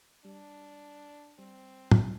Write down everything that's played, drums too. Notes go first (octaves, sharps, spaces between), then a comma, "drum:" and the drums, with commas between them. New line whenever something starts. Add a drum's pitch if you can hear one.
G3 D4
G3 C4
drum: tom